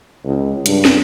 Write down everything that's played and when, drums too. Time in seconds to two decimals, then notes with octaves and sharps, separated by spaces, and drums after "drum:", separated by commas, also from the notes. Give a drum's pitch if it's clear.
0.25 C#2
0.66 G2, drum: hi-hat
0.85 drum: snare